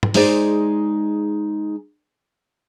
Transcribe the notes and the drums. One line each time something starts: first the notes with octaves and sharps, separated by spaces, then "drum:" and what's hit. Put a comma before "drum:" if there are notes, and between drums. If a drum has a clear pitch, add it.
drum: tom G#2
G#3 D#4 G#4 C5 D5, drum: open hi-hat